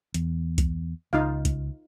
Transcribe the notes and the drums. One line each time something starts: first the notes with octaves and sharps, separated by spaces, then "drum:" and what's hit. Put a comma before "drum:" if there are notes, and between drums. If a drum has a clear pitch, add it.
E2, drum: hi-hat
drum: kick C2, hi-hat
C#2 D#4 F4 F5
drum: kick C2, hi-hat